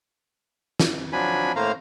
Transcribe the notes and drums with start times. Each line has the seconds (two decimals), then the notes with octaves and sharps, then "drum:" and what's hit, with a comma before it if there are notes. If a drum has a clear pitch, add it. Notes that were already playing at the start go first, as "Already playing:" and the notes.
0.80 drum: snare
1.13 F3 F#3 D4 G#5 B5
1.56 A2 A3 A#3 C5 F5 A#5